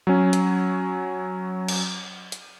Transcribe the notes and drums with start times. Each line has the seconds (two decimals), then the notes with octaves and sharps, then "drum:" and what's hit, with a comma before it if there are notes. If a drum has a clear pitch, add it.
0.07 F#3 C#4
0.33 drum: hi-hat
1.68 drum: cymbal
2.32 drum: hi-hat